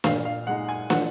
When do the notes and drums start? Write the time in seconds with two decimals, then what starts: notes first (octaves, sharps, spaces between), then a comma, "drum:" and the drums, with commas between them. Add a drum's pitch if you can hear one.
0.04 A#2 F5, drum: snare
0.25 F5
0.47 G#3 D#4 F#5
0.69 G#5
0.90 F3 F#5, drum: snare